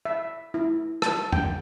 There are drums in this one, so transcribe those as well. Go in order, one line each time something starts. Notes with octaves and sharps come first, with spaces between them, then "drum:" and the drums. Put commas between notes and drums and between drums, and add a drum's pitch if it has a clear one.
E5
E4
A5, drum: rim click
G5, drum: tom F2